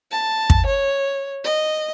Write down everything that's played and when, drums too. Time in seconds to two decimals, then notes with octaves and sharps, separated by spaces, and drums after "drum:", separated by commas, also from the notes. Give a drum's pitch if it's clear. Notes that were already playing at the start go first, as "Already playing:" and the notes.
0.11 A5
0.50 drum: kick
0.66 C#5
1.44 D#5